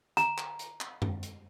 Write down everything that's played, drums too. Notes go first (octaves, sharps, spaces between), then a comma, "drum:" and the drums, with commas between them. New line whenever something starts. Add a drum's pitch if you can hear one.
A#5, drum: hi-hat
drum: clap
drum: hi-hat
drum: clap
drum: tom F#2
drum: hi-hat